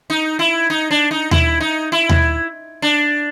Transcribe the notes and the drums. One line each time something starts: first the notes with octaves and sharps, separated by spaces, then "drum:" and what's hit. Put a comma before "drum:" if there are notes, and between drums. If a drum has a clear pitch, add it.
D#4
E4
D#4
D4
D#4
E4, drum: tom D#2
D#4
E4
drum: tom D#2
D4